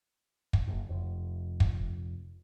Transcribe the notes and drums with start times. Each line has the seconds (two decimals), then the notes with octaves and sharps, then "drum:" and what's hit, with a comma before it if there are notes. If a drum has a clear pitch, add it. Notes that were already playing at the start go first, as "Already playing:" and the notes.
0.53 drum: kick
0.67 F#1
0.89 F1
1.60 drum: kick